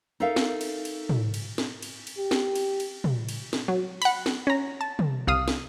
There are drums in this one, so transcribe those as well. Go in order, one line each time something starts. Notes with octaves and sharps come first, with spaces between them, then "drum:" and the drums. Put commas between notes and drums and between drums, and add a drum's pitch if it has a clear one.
D#4 A4 A#4 E5 F5
drum: snare
drum: cymbal
drum: cymbal
drum: tom
drum: cymbal
drum: snare
drum: cymbal
drum: cymbal
G4
drum: snare
drum: cymbal
drum: cymbal
drum: tom
drum: cymbal
drum: snare
F#3
F#5 B5, drum: cymbal
drum: snare
C#4 A#5
A5
drum: tom
C2 F5 D#6
drum: snare